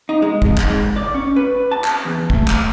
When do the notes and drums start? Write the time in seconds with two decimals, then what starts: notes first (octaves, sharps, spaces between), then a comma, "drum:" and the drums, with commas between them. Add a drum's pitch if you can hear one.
0.09 D#4
0.22 G#3
0.42 F2, drum: kick
0.58 G#2, drum: clap
0.96 D5
1.14 C#4
1.36 B4
1.71 A5
1.84 drum: clap
2.05 E2
2.30 A3, drum: kick
2.48 drum: clap